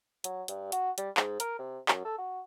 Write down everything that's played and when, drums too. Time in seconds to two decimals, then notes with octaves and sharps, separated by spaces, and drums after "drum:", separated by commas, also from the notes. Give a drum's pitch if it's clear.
0.24 F#3, drum: hi-hat
0.48 G2, drum: hi-hat
0.72 F#4, drum: hi-hat
0.98 G3, drum: hi-hat
1.17 G#2, drum: clap
1.40 A#4, drum: hi-hat
1.59 C3
1.88 F#2, drum: clap
2.05 A4
2.18 F#4